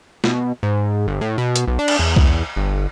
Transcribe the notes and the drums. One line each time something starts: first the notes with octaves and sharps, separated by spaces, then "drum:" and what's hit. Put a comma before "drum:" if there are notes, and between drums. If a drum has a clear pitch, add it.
B2, drum: snare
G#2
G1
A2
B2
drum: hi-hat
B1
D4
drum: cymbal
E2
drum: kick
G1